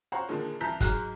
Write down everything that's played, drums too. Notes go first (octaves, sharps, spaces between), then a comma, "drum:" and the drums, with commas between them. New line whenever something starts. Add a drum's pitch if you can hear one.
C5 C#5 F5 F#5 A#5
A#2 D3 D#3 F3 G#3 A#3
C2 E3 A5 A#5 G6 B6
G#2 F#3 G#3 F6 F#6, drum: kick, hi-hat